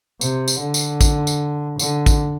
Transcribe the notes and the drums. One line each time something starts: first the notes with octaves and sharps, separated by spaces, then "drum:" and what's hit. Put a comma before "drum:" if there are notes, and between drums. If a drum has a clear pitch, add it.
C3, drum: tambourine
drum: tambourine
D3
drum: tambourine
drum: kick A1, tambourine
drum: tambourine
D3, drum: tambourine
drum: kick A1, tambourine